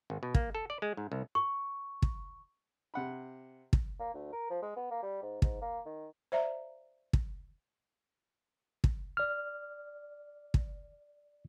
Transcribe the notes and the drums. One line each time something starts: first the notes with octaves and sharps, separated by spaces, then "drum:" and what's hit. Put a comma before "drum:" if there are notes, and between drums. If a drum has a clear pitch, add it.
G#1
B2
A#3, drum: kick
A4
D5
G#3
G#2
C2
C#6
drum: kick
C3 F#5 B5
drum: kick
A#3
D2
A#4
F3
G#3
B3
A#3
G3
G#2
G#2, drum: kick
A#3
D#3
C5 D5 E5 F5 A#5
drum: kick
drum: kick
D5 F6
drum: kick